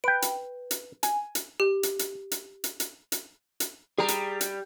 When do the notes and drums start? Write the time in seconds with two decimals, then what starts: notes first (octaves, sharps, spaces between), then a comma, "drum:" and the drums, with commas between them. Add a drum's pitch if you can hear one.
0.04 B4 G5 D7
0.22 drum: hi-hat
0.71 drum: hi-hat
1.03 G#5, drum: hi-hat
1.35 drum: hi-hat
1.60 G4
1.83 drum: hi-hat
1.99 drum: hi-hat
2.31 drum: hi-hat
2.64 drum: hi-hat
2.80 drum: hi-hat
3.12 drum: hi-hat
3.60 drum: hi-hat
3.98 G3 G#4 A#5
4.08 drum: hi-hat
4.41 drum: hi-hat